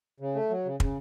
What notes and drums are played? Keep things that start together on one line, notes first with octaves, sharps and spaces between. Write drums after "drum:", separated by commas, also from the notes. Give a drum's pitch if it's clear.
C#3
A3
F#3
C#3
C#3, drum: kick